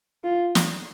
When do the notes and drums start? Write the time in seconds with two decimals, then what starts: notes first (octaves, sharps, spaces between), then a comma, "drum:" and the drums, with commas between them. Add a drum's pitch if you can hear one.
0.24 F4
0.55 drum: snare